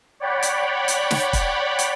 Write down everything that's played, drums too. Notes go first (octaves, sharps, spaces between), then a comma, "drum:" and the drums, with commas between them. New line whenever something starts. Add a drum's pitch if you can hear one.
C#5 D5 F#5 G5 B5
drum: hi-hat
drum: hi-hat
drum: snare
drum: kick, hi-hat
drum: hi-hat